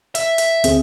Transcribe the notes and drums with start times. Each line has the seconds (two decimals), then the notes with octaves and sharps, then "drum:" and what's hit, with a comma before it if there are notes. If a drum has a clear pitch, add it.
0.15 E5, drum: hi-hat
0.38 drum: hi-hat
0.64 D2 C4 G#4, drum: hi-hat